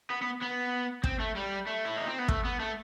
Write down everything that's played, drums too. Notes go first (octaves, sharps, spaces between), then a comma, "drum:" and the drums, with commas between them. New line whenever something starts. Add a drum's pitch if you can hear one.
B3
B3
B3
C4, drum: kick
A3
G3
A3
E4
D#4
C4
B3
A3, drum: kick
B3
A3